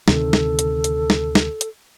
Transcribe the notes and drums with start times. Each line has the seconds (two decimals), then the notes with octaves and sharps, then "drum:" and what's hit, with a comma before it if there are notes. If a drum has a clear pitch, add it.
0.08 D2 C3 D#3 A4, drum: snare
0.33 drum: snare
0.59 drum: hi-hat
0.84 drum: hi-hat
1.10 drum: snare
1.35 drum: snare
1.61 drum: hi-hat